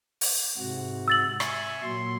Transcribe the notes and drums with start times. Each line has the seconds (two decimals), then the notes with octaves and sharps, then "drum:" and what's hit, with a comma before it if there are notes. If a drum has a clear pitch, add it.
0.21 drum: open hi-hat
0.57 G#2 C3 F#4
1.08 E6 A6 F#7
1.40 E5 G#5 C#6, drum: rim click
1.83 A#2 F#3 C6